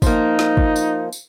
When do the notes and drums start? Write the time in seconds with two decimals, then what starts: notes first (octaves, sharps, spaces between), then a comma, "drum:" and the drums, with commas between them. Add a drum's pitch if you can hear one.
0.02 F3 A#3 D#4, drum: kick, tambourine
0.39 drum: snare
0.57 drum: kick
0.76 drum: tambourine
1.13 drum: tambourine